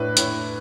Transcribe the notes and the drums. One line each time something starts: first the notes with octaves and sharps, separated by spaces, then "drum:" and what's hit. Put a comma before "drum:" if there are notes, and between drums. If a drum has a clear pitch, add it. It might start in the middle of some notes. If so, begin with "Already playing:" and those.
Already playing: A2 D4 B4
A2, drum: hi-hat